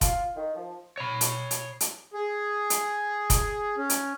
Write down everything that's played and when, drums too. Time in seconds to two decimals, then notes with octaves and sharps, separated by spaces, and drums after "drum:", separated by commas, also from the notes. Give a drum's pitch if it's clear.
0.01 F4, drum: kick F1, hi-hat
0.36 D#3
0.56 F3
0.98 C#5 B5
1.21 drum: hi-hat
1.51 drum: hi-hat
1.80 drum: hi-hat
2.14 G#4
2.70 drum: hi-hat
3.30 drum: kick F1, hi-hat
3.77 C#4
3.90 drum: hi-hat